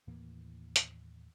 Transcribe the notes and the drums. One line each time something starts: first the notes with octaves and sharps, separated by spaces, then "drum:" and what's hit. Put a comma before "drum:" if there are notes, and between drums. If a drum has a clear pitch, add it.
D#2 A2 E3 A#3
drum: hi-hat